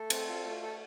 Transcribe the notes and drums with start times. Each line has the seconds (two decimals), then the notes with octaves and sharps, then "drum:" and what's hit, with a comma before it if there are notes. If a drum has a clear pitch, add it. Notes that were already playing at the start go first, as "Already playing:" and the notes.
Already playing: A3 A4
0.10 C4, drum: cymbal
0.28 F4
0.45 A3
0.62 A4